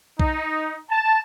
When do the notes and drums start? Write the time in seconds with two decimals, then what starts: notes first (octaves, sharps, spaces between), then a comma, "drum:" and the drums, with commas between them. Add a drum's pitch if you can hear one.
0.20 D#4, drum: kick B1
0.91 A5